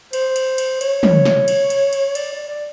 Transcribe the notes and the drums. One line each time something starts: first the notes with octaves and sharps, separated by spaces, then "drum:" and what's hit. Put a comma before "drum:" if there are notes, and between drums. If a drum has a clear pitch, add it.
C5, drum: cymbal
drum: cymbal
drum: cymbal
C#5, drum: cymbal
drum: tom
drum: snare
drum: cymbal
drum: cymbal
drum: cymbal
D5, drum: cymbal
D5
D5